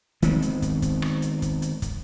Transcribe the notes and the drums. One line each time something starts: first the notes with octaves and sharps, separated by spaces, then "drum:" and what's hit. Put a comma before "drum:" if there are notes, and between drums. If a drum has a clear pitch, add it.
D#3 G#3 B3 C4, drum: kick, hi-hat
drum: hi-hat
drum: kick, hi-hat
drum: kick, hi-hat
drum: rim click
drum: hi-hat
drum: kick, hi-hat
drum: hi-hat
drum: kick, hi-hat